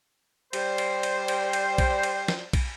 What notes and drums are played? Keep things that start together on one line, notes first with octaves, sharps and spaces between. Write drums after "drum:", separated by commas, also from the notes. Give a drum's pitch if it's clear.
G3 C5, drum: cymbal
drum: cymbal
drum: cymbal
drum: cymbal
drum: cymbal
drum: kick, cymbal
drum: cymbal
drum: snare
drum: kick, cymbal